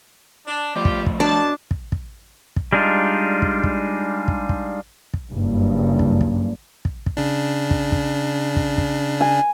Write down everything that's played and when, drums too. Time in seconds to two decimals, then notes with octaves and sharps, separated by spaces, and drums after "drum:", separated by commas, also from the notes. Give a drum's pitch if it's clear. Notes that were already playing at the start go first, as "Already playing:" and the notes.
0.47 D4
0.76 F3 A3 F4 G4 D5
0.85 drum: kick
1.06 drum: kick
1.20 F#2 B2 D4 A5
1.71 drum: kick
1.92 drum: kick
2.56 drum: kick
2.73 G3 G#3 D4 D#4 F4
3.42 drum: kick
3.64 drum: kick
4.28 drum: kick
4.49 drum: kick
5.14 drum: kick
5.32 F#1 G2
5.99 drum: kick
6.21 drum: kick
6.85 drum: kick
7.06 drum: kick
7.17 C#3 D4
7.71 drum: kick
7.92 drum: kick
8.56 drum: kick
8.78 drum: kick
9.21 G#5